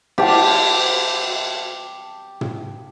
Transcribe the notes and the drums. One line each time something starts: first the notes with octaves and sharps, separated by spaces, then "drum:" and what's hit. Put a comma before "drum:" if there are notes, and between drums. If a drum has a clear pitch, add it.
G4 A5, drum: cymbal
drum: tom